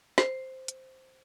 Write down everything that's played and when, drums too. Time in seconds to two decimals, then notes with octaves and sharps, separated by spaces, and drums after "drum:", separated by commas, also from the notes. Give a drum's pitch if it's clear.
0.18 C5, drum: snare
0.68 drum: hi-hat